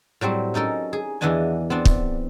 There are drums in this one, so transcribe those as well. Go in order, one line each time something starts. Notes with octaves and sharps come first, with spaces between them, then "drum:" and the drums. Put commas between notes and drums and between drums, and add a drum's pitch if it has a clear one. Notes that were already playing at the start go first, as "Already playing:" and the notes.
A2 F#3 G3 C4
C#4 D#4 A4 A#4
G#4
E2 E3 B3 D4 D#5 G#5
B3 C4 D4
drum: kick